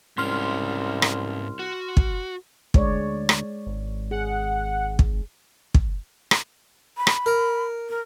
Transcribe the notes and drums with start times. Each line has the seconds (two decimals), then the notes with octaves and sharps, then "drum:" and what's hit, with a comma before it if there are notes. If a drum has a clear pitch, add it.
0.18 C2 G#2 C#4 C6 F6
1.02 drum: rim click
1.59 F#4
1.97 drum: kick
2.74 D2 G#3 C#5 D5, drum: kick
3.29 drum: rim click
3.67 G#1
4.11 G#4 F#5
4.99 drum: kick
5.74 drum: kick
6.31 drum: rim click
6.97 B5
7.07 drum: rim click
7.26 A#4
7.89 A#4